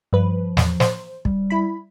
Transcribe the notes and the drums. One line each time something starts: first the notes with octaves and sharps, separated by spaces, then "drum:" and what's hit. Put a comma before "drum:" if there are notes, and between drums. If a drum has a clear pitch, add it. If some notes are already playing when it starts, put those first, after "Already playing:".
G2 F3 B4
E2, drum: snare
C5, drum: snare
G3, drum: kick
E4 B5